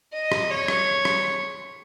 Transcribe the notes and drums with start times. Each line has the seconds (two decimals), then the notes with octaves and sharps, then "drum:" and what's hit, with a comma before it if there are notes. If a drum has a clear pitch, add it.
0.13 D#5
0.32 drum: rim click
0.51 C#5
0.68 drum: rim click
1.05 drum: rim click